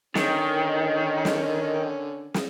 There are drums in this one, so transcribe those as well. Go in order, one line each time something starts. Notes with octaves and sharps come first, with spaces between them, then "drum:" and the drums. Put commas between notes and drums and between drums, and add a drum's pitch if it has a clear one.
D3 D#3 C#4, drum: snare
drum: snare
drum: snare